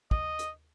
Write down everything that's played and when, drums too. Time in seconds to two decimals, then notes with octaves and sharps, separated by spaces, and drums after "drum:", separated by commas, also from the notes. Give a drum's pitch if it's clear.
0.11 D#5, drum: kick
0.39 drum: hi-hat